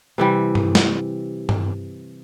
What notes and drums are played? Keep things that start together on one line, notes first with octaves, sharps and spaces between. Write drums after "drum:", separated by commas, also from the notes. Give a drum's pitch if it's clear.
C3 E3 G3
drum: tom G2
drum: snare
drum: tom G2